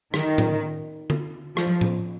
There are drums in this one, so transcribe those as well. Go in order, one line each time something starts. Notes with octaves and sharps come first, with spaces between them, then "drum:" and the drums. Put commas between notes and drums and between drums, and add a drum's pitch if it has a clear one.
D#3, drum: rim click
drum: tom A2
drum: tom D3
F3, drum: rim click
drum: tom A2